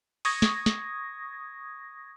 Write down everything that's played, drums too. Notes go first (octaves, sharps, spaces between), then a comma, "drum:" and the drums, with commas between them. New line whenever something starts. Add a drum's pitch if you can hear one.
C#6 D#6 G#6 A#6, drum: open hi-hat
drum: snare
drum: snare